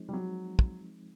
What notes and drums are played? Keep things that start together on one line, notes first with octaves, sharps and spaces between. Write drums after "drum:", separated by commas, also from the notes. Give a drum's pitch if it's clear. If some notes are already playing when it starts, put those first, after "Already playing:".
Already playing: F3 G#3 C4 D#4
G3
F#3
drum: kick